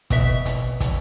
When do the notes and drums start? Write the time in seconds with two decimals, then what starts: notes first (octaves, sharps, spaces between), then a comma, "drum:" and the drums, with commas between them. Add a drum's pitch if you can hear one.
0.10 B2 E5, drum: kick, hi-hat
0.45 drum: hi-hat
0.80 drum: kick, hi-hat